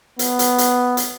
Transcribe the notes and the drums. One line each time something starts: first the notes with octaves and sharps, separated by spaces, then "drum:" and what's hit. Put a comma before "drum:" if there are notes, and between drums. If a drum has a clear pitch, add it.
B3, drum: hi-hat
drum: hi-hat
drum: hi-hat
drum: hi-hat